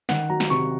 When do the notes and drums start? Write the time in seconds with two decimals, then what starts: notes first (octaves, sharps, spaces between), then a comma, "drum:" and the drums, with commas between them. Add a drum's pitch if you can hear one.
0.09 D#3 F#5, drum: snare
0.29 F#3 A#5
0.40 drum: snare
0.50 C3 C#6